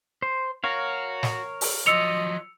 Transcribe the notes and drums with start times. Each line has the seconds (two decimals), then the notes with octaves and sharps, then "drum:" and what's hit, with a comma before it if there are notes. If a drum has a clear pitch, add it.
0.22 C5
0.64 F#4 A#4 C#5 F5
1.23 drum: snare
1.61 drum: open hi-hat
1.86 F3 F#3 D#5 E6 C#7 F7